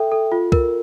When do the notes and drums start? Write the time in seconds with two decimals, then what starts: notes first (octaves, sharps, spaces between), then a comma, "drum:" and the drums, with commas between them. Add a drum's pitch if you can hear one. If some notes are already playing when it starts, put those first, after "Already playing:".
Already playing: A4 E5 G5
0.12 A4
0.32 F4
0.52 A#4, drum: kick